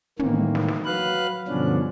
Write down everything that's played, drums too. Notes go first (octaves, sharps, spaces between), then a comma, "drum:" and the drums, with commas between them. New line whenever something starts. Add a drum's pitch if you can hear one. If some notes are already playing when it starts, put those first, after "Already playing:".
A2 D#3 E3 A#3, drum: tom
drum: snare
drum: snare
F#3 B4 F5 F#6
G2 B2 D3 F3 C#4 D4